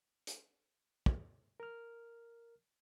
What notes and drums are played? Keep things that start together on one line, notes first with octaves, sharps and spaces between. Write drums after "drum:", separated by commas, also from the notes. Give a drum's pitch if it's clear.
drum: hi-hat
drum: kick
A#4 F6